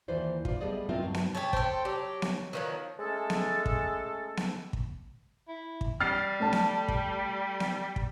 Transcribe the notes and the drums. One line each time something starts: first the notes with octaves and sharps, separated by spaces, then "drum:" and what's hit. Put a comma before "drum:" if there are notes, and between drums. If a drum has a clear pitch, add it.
D#2 E3 F4 B4 C5 D5
F4 D5, drum: kick
G3 A3 B3 G#4 D5 D#5
A3 C4 F4 A#4 D#5 E5
G2 F#3
drum: snare B3
G4 C#5 A5
A4 C5 G5, drum: kick
F#3 G4
drum: snare B3
D#3 F3 F#3 B4
G#3 A3 C#4 A4
drum: snare B3
drum: kick
drum: snare B3
drum: kick
E4
drum: kick
G3 F6 A6 C7
A3 A5
drum: snare B3
drum: kick
drum: snare B3
drum: kick